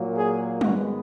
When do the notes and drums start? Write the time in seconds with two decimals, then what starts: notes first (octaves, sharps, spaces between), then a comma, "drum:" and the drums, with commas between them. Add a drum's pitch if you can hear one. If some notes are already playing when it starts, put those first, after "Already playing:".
Already playing: A#2 F#3 A#3
0.16 G#4
0.61 G#2 D#3 G#3 B3 F#4, drum: tom F#3